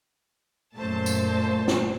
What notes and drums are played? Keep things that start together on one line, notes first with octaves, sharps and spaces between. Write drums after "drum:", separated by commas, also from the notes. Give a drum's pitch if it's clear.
F#2 A#2 A3 C5 A5
drum: tambourine
drum: snare